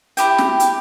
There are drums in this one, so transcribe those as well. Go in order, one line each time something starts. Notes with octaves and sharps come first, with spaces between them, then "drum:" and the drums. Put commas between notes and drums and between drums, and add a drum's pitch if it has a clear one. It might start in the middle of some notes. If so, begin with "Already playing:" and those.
E4 G4 G5, drum: hi-hat
drum: snare
drum: hi-hat